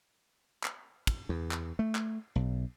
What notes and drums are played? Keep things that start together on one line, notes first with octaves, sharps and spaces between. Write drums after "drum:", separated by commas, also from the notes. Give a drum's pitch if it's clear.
drum: clap
drum: kick, cymbal
E2
drum: clap
A3
drum: clap
B1